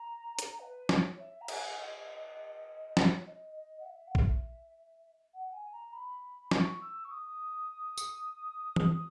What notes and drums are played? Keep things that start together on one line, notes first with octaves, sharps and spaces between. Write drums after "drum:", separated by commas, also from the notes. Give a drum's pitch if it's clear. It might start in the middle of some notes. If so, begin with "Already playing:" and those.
Already playing: A#5
drum: hi-hat
B4
C#5, drum: snare
E5
A#5
G#5, drum: cymbal
D#5
C#5, drum: snare
C#5
D#5
D#5
F#5
E5
F#5
E5, drum: kick A#1
F#5
G#5
A#5
B5
C#6, drum: snare
E6
C#6
D#6
drum: tambourine
drum: tom